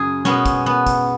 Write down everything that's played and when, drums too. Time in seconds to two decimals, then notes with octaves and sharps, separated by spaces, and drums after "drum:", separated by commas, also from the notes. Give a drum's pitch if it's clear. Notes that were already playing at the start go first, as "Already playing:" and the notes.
Already playing: F#2 C#3 G#4
0.25 B2 G#3 B3 C#4, drum: snare
0.46 drum: kick, hi-hat
0.66 B3
0.87 drum: kick, hi-hat